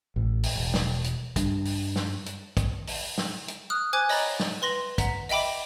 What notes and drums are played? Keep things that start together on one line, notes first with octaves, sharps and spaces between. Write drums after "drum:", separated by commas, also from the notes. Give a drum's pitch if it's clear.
A1
drum: open hi-hat
E1
drum: snare
drum: hi-hat
G2, drum: kick, hi-hat
drum: open hi-hat
drum: snare
drum: hi-hat
drum: kick, hi-hat
drum: open hi-hat
drum: snare
drum: hi-hat
D#6 F6 F#6
C5 G#5 D6 F#6 G#6
C#5 D#5 A#5 B5 G#6 A6, drum: open hi-hat
drum: snare
B4 C6 A#6 F#7
F#5 A#5 B6, drum: kick, hi-hat
D#5 E5 G5 B5 D6, drum: open hi-hat